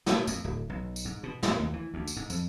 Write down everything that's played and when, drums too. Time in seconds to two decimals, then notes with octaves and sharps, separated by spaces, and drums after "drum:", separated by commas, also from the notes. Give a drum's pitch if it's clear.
0.06 B2, drum: snare
0.27 F2, drum: tambourine
0.44 D1
0.69 B1
0.96 drum: tambourine
1.05 G#2
1.23 B2
1.43 F2, drum: snare
1.59 D#2
1.73 E3
1.94 D2
2.08 drum: tambourine
2.17 G#2
2.30 F2, drum: tambourine